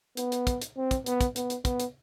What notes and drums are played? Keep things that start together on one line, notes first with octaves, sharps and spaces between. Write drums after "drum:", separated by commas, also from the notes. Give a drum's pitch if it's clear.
B3, drum: hi-hat
drum: hi-hat
drum: kick, hi-hat
drum: hi-hat
C4
drum: kick, hi-hat
B3, drum: hi-hat
drum: kick, hi-hat
B3, drum: hi-hat
drum: hi-hat
B3, drum: kick, hi-hat
drum: hi-hat